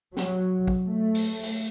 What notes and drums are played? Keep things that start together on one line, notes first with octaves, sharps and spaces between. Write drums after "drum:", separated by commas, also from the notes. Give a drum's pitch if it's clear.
F#3, drum: snare
drum: kick
A3
drum: open hi-hat
drum: open hi-hat